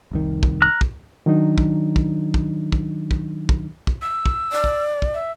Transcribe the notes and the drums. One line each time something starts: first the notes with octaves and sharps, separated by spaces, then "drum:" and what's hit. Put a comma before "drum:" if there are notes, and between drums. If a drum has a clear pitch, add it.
F1 C2 D#3
drum: kick
A#5 F6 F#6
drum: kick
D#3 F#3 D4 D#4
drum: kick
drum: kick
drum: kick
drum: kick
drum: kick
drum: kick
drum: kick
E6
drum: kick
D5
drum: kick
drum: kick
E5